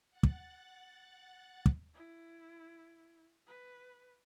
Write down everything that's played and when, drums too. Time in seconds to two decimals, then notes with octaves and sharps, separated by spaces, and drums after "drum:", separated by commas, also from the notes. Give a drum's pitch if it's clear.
0.11 F#5 F#6 A6
0.23 drum: kick
1.66 drum: kick
1.94 E4
3.47 B4